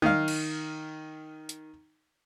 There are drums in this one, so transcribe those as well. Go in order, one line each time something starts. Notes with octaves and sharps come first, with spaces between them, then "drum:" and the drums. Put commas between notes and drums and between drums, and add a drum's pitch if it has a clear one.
D#3 F5, drum: tom
drum: cymbal
drum: hi-hat